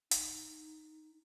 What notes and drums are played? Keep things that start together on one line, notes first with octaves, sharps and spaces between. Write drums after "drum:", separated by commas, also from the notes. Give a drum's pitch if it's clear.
D#4, drum: hi-hat